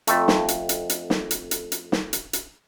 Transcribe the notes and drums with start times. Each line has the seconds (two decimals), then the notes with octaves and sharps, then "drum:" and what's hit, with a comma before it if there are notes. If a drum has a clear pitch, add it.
0.07 F2 A3, drum: hi-hat
0.28 drum: snare
0.48 drum: hi-hat
0.69 drum: hi-hat
0.90 drum: hi-hat
1.10 drum: snare
1.31 drum: hi-hat
1.51 drum: hi-hat
1.72 drum: hi-hat
1.92 drum: snare
2.13 drum: hi-hat
2.33 drum: hi-hat